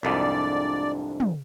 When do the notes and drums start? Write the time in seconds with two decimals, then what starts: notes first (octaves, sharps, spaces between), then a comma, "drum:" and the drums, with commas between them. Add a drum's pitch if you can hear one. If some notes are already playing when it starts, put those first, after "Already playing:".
0.03 C2 F2 G#2 D4 D5
1.20 drum: tom